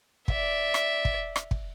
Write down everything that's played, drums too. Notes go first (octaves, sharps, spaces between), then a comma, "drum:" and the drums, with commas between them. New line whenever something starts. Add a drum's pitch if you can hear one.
D5 E5, drum: kick
drum: rim click
drum: kick
drum: rim click
drum: kick